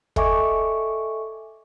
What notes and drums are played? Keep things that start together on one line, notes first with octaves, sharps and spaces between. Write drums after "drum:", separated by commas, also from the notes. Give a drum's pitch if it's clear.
A4 D#5 E5 G#5 C#6 D6, drum: kick